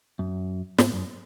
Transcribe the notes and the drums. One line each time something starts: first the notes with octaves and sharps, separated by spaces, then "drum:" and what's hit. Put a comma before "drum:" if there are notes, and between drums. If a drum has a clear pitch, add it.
F#2
G#2, drum: snare
F#2